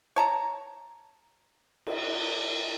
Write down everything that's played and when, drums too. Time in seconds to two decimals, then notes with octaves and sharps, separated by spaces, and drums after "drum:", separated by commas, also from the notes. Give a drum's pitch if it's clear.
0.16 C#5 A5 A#5
1.87 drum: cymbal